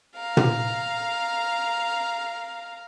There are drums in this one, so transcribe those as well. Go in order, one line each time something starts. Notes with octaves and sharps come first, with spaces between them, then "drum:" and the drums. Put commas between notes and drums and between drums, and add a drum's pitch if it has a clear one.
F5 A#5
drum: tom